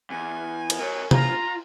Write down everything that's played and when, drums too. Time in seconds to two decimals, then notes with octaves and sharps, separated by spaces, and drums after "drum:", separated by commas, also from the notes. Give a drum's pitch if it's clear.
0.10 E2 G#5
0.70 drum: cymbal
0.79 A#4 C#5
1.11 F4 A#5, drum: tom C3